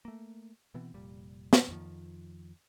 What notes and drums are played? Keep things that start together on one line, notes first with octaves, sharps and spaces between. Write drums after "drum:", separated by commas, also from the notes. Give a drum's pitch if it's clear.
A3 A#3
B2 E3 B3 C4
F1 A#2 G3
drum: snare
F2 D#3 F3